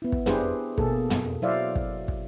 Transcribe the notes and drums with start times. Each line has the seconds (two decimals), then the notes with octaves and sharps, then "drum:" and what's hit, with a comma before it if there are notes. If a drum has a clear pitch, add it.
0.02 B3 E4
0.12 drum: kick
0.26 D4 E4 G4 G#4 B4 C5, drum: tom
0.78 B2 A#3 G#4 A4, drum: kick
1.10 drum: tom
1.42 F#3 E4 C5 D5 E5 F5
1.75 drum: kick
2.08 drum: kick